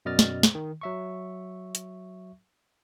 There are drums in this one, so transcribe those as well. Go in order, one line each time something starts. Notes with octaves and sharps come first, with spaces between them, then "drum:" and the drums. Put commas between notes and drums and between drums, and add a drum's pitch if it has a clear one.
F#2 B2 D5 D#5 F6 A6
drum: snare
drum: snare
D#3
F#3 E5 C#6
drum: hi-hat